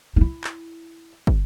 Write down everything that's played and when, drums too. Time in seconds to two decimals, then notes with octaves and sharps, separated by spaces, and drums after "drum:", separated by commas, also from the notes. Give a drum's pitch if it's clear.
0.16 D#4 E4
0.44 drum: clap
1.27 drum: kick